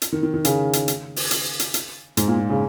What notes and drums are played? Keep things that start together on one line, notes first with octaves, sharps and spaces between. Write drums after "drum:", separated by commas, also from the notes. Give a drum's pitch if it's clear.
drum: hi-hat
D#3
D#3
D#3
C#3, drum: hi-hat
drum: hi-hat
drum: hi-hat
drum: open hi-hat
drum: hi-hat
drum: hi-hat
drum: hi-hat
G#2, drum: hi-hat
A#2
A#2
C#3